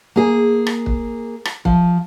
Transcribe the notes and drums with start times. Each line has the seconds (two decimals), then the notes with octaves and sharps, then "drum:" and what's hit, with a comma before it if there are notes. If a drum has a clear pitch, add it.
0.16 A#3 G#4
0.67 drum: rim click
0.86 drum: kick
1.45 drum: rim click
1.65 F3, drum: kick